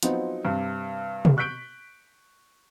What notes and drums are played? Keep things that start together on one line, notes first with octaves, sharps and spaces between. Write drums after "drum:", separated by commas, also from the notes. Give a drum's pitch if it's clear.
F3 F#3 B3 C4 D#4, drum: hi-hat
G2 C3
drum: tom
C#6 F#6 G6 B6 D7 G7